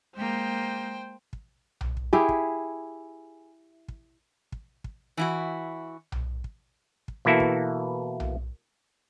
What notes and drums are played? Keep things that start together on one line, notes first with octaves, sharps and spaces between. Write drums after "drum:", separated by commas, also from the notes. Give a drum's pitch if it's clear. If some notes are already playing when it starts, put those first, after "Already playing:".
G#3 A#3 C5 G5
drum: kick
drum: tom B1
drum: kick
E4 G4 G#4
drum: kick
drum: kick
drum: kick
drum: kick
E3 E4 F#4
drum: tom B1
drum: kick
drum: kick
B2 E3 A#3 E4 F#4 A4
drum: kick
drum: tom B1